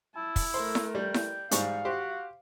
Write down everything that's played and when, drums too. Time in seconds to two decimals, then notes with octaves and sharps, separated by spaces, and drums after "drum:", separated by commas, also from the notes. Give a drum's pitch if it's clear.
0.16 E4 A5
0.36 drum: kick, open hi-hat
0.54 A3 A#4 C5
0.75 drum: snare E4
0.95 G3 G5
1.14 drum: snare E4
1.51 G#2 G3 F5 C#6, drum: hi-hat
1.85 F#4 G4 C5